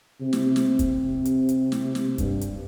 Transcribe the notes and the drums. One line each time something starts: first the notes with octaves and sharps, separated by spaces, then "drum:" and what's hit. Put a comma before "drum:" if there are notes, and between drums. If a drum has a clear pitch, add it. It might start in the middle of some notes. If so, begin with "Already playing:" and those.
C3
drum: snare
drum: snare
drum: kick, hi-hat
drum: hi-hat
drum: hi-hat
drum: snare
drum: snare
G2, drum: kick, hi-hat
drum: hi-hat